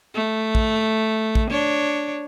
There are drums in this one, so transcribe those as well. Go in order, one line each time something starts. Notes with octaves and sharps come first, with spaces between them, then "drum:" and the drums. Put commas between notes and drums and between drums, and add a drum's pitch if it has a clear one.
A3
drum: kick
drum: kick
D4 C#5